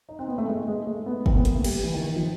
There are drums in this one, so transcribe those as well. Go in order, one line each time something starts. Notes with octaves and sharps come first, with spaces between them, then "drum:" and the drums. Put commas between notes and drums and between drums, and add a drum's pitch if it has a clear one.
D#4
C4
B3
A3
G#3
G#3
A3
B3
C4, drum: kick
B3
A#3, drum: hi-hat
A3
G3, drum: cymbal
E3
D#3
D#3
F3